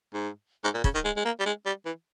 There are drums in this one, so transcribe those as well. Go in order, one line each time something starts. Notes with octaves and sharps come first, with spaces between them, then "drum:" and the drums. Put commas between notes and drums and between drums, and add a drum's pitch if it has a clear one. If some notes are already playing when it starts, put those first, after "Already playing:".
G#2
G#2
A#2
C#3, drum: kick
D#3
G#3
G#3
A#3
G3
G#3
G3
E3